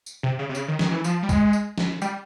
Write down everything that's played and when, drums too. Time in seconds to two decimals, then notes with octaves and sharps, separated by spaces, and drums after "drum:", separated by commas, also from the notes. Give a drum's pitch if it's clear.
0.06 drum: tambourine
0.23 C3
0.39 C#3
0.49 C3
0.55 C#3, drum: tambourine
0.68 D#3
0.79 D#3, drum: snare
0.91 E3
1.04 F3, drum: tambourine
1.23 G3
1.29 G#3, drum: kick, tambourine
1.53 drum: tambourine
1.78 drum: snare
2.02 G3, drum: tambourine